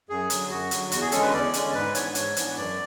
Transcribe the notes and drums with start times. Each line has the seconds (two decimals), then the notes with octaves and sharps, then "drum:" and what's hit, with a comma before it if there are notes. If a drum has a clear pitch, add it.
0.09 F#2 G#4
0.30 D3 F#3, drum: hi-hat
0.50 F#2 F#4
0.71 D3 F#3, drum: hi-hat
0.92 E2 F#4, drum: hi-hat
1.01 G#4
1.12 D3 G#3 C#4 A4, drum: hi-hat
1.23 B4
1.33 E2 D5
1.54 D3 G#3 C#4, drum: hi-hat
1.74 G#2 B4
1.95 E3 B3 D4 C#5, drum: hi-hat
2.15 G#2 C#5, drum: hi-hat
2.36 E3 B3 D4, drum: hi-hat
2.57 F#2 D5